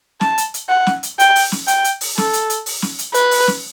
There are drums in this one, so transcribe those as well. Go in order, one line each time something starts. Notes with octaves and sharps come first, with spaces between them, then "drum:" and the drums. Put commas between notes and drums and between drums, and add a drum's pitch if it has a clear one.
A5, drum: snare
drum: hi-hat
drum: hi-hat
F#5
drum: snare
drum: hi-hat
G5, drum: hi-hat
drum: open hi-hat
drum: snare
G5, drum: hi-hat
drum: hi-hat
drum: open hi-hat
A4, drum: snare
drum: hi-hat
drum: hi-hat
drum: open hi-hat
drum: snare
drum: hi-hat
B4, drum: hi-hat
drum: open hi-hat
drum: snare